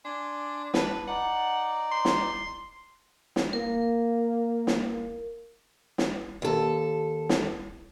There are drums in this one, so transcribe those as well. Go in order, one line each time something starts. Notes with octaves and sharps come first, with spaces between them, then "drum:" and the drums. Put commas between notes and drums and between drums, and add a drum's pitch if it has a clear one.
D4 D5 G#5 C6
D4 B4, drum: snare
D#4 D5 F#5
C6
drum: snare
drum: snare
A#3 A#4
drum: snare
drum: snare
D#2 A4
drum: snare